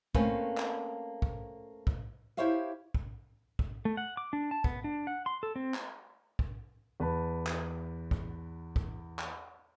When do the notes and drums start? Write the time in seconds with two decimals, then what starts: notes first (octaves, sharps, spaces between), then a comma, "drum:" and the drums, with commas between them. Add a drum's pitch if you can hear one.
0.15 A3 A#3 C4 C#4 A4 B4, drum: kick
0.58 drum: clap
1.22 drum: kick
1.87 drum: kick
2.37 E4 G4 C5 C#5 E5 F5
2.94 drum: kick
3.59 drum: kick
3.85 A3
3.97 F#5
4.17 D6
4.33 D4
4.51 A5
4.64 B3, drum: kick
4.84 D4
5.07 F#5
5.26 C6
5.43 A4
5.56 C4
5.74 drum: clap
6.39 drum: kick
7.00 E2 B4 A5 B5
7.47 drum: clap
8.11 drum: kick
8.76 drum: kick
9.19 drum: clap